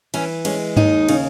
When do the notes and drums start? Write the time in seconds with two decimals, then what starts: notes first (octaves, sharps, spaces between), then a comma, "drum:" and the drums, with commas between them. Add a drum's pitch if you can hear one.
0.14 E3 C#4, drum: cymbal
0.45 G#3 C#4, drum: cymbal
0.76 D#2 D#4, drum: tom G2
1.09 C#3, drum: cymbal